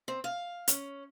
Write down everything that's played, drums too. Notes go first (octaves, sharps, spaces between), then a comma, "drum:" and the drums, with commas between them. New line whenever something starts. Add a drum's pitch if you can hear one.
C4
F5
C#4, drum: hi-hat